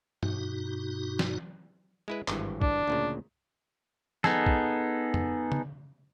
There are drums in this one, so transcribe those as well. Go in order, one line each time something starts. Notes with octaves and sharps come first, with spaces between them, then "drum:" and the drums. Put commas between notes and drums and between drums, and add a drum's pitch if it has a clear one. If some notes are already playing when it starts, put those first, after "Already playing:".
G2 B2 D#4 F#4, drum: tom
drum: snare
G#3 E4 B4
G#1 G2 E3, drum: clap
D4, drum: kick
D2 A#2 C#3
B3 D#4 G#4 A4, drum: snare
drum: kick
drum: tom F2
drum: tom